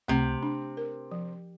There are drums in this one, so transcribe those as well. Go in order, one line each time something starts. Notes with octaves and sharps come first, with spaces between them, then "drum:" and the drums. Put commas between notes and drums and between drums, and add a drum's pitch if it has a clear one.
C3 A3, drum: tom C#2
D4
A#4
F3